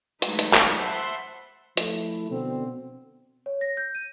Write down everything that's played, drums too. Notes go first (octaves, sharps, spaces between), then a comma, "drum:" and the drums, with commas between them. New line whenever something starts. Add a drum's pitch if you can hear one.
E3 F#3 G#3 A3 D#4 B4, drum: hi-hat
drum: hi-hat
drum: clap
C5 E5 F#5 A5 B5 C6
F3 A3 E4, drum: hi-hat
B2 D3 C4
C#5
A#6
G6
D#7